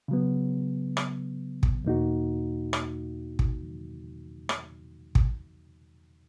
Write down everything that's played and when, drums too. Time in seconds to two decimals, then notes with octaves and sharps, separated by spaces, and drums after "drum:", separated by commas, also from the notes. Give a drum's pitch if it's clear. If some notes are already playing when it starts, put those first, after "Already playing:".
0.08 C#3 F#3 B3
0.97 drum: rim click
1.63 drum: kick
1.84 E2 B2 A#3 D#4 F#4
2.73 drum: rim click
3.39 drum: kick
4.49 drum: rim click
5.15 drum: kick